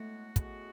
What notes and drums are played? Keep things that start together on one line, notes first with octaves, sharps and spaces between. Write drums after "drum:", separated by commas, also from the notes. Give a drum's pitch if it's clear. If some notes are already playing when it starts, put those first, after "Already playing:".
Already playing: A2 G#3 A3 B3 F#4
A2 G#3 B3 F#4, drum: kick, hi-hat